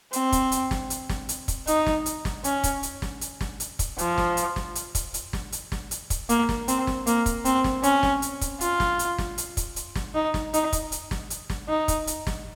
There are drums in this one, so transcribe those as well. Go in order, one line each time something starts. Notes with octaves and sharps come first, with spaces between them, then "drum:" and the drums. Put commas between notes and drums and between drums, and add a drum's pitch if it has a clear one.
C4, drum: hi-hat
drum: kick, hi-hat
drum: hi-hat
drum: snare
drum: hi-hat
drum: snare
drum: hi-hat
drum: kick, hi-hat
D#4, drum: hi-hat
drum: snare
drum: hi-hat
drum: snare
C#4, drum: hi-hat
drum: kick, hi-hat
drum: hi-hat
drum: snare
drum: hi-hat
drum: snare
drum: hi-hat
drum: kick, hi-hat
F3, drum: hi-hat
drum: snare
drum: hi-hat
drum: snare
drum: hi-hat
drum: kick, hi-hat
drum: hi-hat
drum: snare
drum: hi-hat
drum: snare
drum: hi-hat
drum: kick, hi-hat
A#3, drum: hi-hat
drum: snare
C4, drum: hi-hat
drum: snare
A#3, drum: hi-hat
drum: kick, hi-hat
C4, drum: hi-hat
drum: snare
C#4, drum: hi-hat
drum: snare
drum: hi-hat
drum: kick, hi-hat
F4, drum: hi-hat
drum: snare
drum: hi-hat
drum: snare
drum: hi-hat
drum: kick, hi-hat
drum: hi-hat
drum: snare
D#4
drum: snare
D#4, drum: hi-hat
drum: kick, hi-hat
drum: hi-hat
drum: snare
drum: hi-hat
drum: snare
D#4
drum: kick, hi-hat
drum: hi-hat
drum: snare